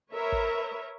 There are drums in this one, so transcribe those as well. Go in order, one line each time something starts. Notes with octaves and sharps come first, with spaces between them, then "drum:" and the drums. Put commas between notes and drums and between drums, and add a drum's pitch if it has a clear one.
A#4 B4 C#5 E5
drum: kick